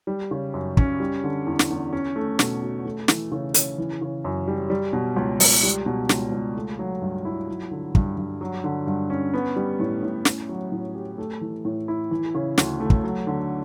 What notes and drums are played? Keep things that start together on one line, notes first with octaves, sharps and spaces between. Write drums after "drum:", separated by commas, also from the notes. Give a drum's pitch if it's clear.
G3
C#3
F#2
C#4, drum: kick
G3
D3
E2
drum: snare
E2
C#4
A3
B2, drum: snare
F#4
A3
E3, drum: snare
C#3
C#3, drum: hi-hat
E3
C#3
F#2
G3
G3
B2
C#2
C#2, drum: open hi-hat
G3
B2
C#2, drum: snare
C#2
A3
F#3
G2
E4
F#3
D3
G2, drum: kick
G2
F#3
D3
G2
C#4
B3
G3
A2
A2
C#4, drum: snare
F#3
A2
G4
A3
E3
A2
E4
E3
C#3
D2, drum: snare
A3
drum: kick
F#3
D3